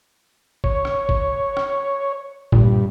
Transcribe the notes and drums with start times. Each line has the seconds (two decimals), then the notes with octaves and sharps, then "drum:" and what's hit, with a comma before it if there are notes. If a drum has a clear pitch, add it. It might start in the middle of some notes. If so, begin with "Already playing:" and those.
0.64 C#5, drum: kick G1
0.85 drum: rim click
1.09 drum: kick G1
1.57 drum: rim click
2.52 G2 A#2, drum: kick G1